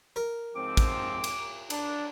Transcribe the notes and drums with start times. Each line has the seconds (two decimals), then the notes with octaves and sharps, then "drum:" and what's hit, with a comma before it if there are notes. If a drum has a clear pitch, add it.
0.16 A#4
0.56 G#2 F3 C4 D6
0.77 drum: kick, cymbal
1.24 drum: cymbal
1.70 D4, drum: cymbal